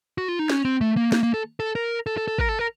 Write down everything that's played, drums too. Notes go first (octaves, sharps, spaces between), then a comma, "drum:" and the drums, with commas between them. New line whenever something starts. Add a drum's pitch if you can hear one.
F#4
F4
D#4
C#4, drum: snare
C4
A3
A#3
A#3, drum: snare
A#3
A4
A4
A#4
A4
A4
A4
A#4, drum: kick
A4
A#4